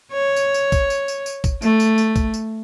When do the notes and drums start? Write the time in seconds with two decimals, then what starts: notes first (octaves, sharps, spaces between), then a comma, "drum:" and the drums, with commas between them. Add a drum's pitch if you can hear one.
0.13 C#5
0.36 drum: tambourine
0.54 drum: tambourine
0.72 drum: kick, tambourine
0.90 drum: tambourine
1.08 drum: tambourine
1.26 drum: tambourine
1.44 drum: kick, tambourine
1.62 A3, drum: tambourine
1.80 drum: tambourine
1.98 drum: tambourine
2.16 drum: kick, tambourine
2.34 drum: tambourine